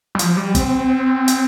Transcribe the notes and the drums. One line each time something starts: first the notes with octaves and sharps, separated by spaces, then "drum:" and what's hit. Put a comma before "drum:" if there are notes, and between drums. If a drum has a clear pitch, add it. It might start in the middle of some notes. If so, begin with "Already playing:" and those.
G3
F3, drum: hi-hat
G3
C4, drum: kick, hi-hat
drum: hi-hat